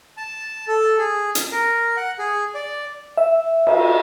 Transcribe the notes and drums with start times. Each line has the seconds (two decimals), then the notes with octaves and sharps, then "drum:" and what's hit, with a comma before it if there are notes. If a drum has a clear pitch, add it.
0.17 A5
0.68 A4
0.98 G#4
1.35 drum: hi-hat
1.52 A#4
1.97 F#5
2.19 G#4
2.55 D5
3.17 E5
3.67 drum: cymbal